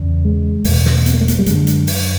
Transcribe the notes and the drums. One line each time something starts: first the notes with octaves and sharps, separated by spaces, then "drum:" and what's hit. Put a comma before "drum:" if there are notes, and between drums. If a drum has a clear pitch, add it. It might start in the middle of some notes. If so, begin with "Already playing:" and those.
Already playing: E2 C#3
G#3
E2 B2 A3, drum: open hi-hat
drum: snare
B3, drum: hi-hat
A#3
A3
A#3, drum: hi-hat
G3
F#2 D3 G#3, drum: hi-hat
drum: hi-hat
drum: open hi-hat